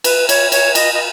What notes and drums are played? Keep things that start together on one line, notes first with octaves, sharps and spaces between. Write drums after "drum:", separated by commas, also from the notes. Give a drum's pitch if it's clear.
B4, drum: cymbal
C#5, drum: cymbal
C#5, drum: cymbal
D#5, drum: cymbal
D#5